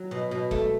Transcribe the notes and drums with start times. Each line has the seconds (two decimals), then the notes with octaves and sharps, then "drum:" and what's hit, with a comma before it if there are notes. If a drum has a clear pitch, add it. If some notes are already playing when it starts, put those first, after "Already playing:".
Already playing: F#3
0.11 B2
0.31 B2
0.51 A3, drum: kick F1